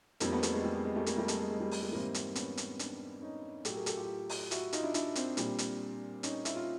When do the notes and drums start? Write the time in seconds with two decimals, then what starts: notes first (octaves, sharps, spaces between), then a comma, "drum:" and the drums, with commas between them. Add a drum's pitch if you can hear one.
0.20 F2 D3 G3 A#3 C4, drum: hi-hat
0.32 A3 B3
0.43 G3 A3, drum: hi-hat
0.54 G#3
0.64 G3
0.74 G#3
0.85 G#3
0.96 G3 A3
1.06 G#3 A#3, drum: hi-hat
1.17 G3 A3
1.28 G3 A3, drum: hi-hat
1.39 G#3
1.50 G#3
1.60 G3
1.71 G#3, drum: open hi-hat
1.82 G#3 A#3
1.93 G#2 E3 G3 A#3 C4
2.14 drum: hi-hat
2.35 B3 C#4, drum: hi-hat
2.57 drum: hi-hat
2.79 C4 D4, drum: hi-hat
3.22 C#4 D#4
3.65 A2 F#3 G4 A4, drum: hi-hat
3.76 G#4 A#4
3.86 G4 A4, drum: hi-hat
3.97 F4 G4
4.29 drum: open hi-hat
4.51 E4 F#4, drum: hi-hat
4.73 D#4 F4, drum: hi-hat
4.83 D4 E4
4.94 D4 E4, drum: hi-hat
5.15 C4 D4, drum: hi-hat
5.37 A#2 G3, drum: hi-hat
5.59 drum: hi-hat
6.23 C#4 D#4, drum: hi-hat
6.45 E4, drum: hi-hat
6.56 F4